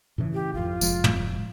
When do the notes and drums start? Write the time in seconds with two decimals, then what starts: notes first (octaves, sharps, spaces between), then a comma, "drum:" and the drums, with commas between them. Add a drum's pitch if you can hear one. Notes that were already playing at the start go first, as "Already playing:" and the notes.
0.18 A2 C#3 E3
0.34 G4
0.54 G#1 F2 F4
0.81 F1 F3 G#3, drum: tambourine
1.04 drum: tom